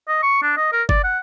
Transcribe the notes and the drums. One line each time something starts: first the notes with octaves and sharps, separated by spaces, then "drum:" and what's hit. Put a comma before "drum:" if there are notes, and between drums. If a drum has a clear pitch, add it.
D#5
C#6
D4
D#5
A#4
D5, drum: kick G1
F#5